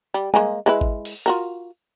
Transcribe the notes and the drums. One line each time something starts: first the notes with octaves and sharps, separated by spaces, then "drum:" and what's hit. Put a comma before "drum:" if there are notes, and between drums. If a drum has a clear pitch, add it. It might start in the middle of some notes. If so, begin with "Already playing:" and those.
G3
G#3 A#3 G#5, drum: tom
G#3 E4 B4
drum: kick G#1
drum: open hi-hat
F4 F#4 A#4